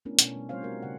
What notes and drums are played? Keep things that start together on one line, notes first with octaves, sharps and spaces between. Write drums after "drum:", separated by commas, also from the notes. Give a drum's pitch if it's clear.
A3 B3 C#4 D4 E4 A#4
B2 C#4, drum: hi-hat
G3
G3 C4 F4 C5 C#5 F5
A3 D#4 F#4 A#4
C#3 F#5